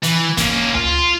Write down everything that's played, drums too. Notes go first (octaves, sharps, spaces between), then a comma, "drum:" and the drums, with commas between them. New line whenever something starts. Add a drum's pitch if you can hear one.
E3, drum: hi-hat
A#3 C#4, drum: kick, hi-hat
F4, drum: tom C#2